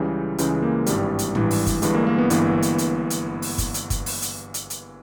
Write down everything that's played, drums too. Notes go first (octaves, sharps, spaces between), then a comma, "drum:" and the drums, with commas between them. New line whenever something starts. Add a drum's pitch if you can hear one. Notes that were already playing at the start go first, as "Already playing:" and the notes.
Already playing: C#2 C#3 E3 G3
C#2 C#3 E3 G#3, drum: hi-hat
A#3
G#1 G2 E3 G3, drum: hi-hat
drum: hi-hat
G#1 G2 E3, drum: tom
drum: open hi-hat
drum: kick F#1, hi-hat
G1 G2 E3 G#3, drum: hi-hat
A#3
A#3
B3
G1 G2 E3, drum: hi-hat
drum: hi-hat
drum: hi-hat
drum: hi-hat
drum: open hi-hat
drum: kick F#1, hi-hat
drum: hi-hat
drum: kick F#1, hi-hat
drum: open hi-hat
drum: hi-hat
drum: hi-hat
drum: hi-hat